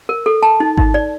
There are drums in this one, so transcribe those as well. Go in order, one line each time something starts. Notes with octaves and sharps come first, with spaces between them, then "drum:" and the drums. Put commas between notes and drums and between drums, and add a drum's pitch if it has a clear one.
A#4
A4
A5
D#4
D#4, drum: kick G#1
D5